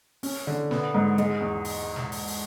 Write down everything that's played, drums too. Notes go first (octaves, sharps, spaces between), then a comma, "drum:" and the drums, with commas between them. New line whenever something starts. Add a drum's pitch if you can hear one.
C#4, drum: open hi-hat
D3
B3, drum: snare
G#2
G#3, drum: hi-hat
E2
drum: open hi-hat
drum: snare
drum: open hi-hat
drum: open hi-hat